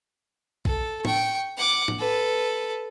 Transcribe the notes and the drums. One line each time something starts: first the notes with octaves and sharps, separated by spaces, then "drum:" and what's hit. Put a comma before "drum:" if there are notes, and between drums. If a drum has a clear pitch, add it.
A4, drum: kick A#1
G5 C#6, drum: tom
F#5 D6
drum: tom
A4 B4